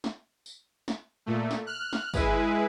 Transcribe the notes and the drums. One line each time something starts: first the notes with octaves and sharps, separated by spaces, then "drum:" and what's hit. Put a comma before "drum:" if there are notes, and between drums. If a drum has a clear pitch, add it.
drum: snare
drum: tambourine
drum: snare
A#2 A3
drum: snare
F6 F#6
drum: snare
G#3 E4 G#4 B4, drum: kick, tambourine